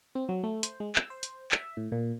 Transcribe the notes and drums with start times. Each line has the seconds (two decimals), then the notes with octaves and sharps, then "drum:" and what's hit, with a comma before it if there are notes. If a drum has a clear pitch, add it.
0.15 C4
0.29 F#3
0.44 A3
0.63 C5, drum: hi-hat
0.80 G#3
0.95 E6, drum: clap
1.10 C5
1.23 drum: hi-hat
1.52 E5, drum: clap
1.77 A2
1.92 A#2